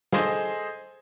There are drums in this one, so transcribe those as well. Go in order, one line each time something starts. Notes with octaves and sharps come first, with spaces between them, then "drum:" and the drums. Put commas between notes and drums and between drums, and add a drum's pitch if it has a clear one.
G#4 A4 C5 D#5, drum: snare